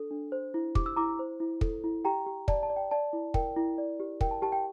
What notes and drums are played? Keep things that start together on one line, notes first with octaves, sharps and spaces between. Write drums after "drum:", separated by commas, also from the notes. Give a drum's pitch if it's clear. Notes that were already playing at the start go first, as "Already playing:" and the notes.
Already playing: D4 A4
D4
C5
E4
G4 D6, drum: kick
E6
E4 A#5 D6
C5
E4
A4, drum: kick
E4
G4 G5 A#5
G4
D5 A5, drum: kick
A5
D5
G5
D5 A5
E4
A#4 G5, drum: kick
E4
D5
G4
A#4 G5, drum: kick
A5
G4 A5
G5